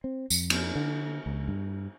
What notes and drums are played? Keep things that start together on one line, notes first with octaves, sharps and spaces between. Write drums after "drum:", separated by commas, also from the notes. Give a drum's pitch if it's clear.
C4
F2, drum: tambourine
drum: cymbal
D3
C#2
G2